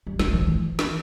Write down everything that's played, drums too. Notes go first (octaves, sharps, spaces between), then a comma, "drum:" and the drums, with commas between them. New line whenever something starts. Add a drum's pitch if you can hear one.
G3
A3, drum: snare
F3
E3
drum: snare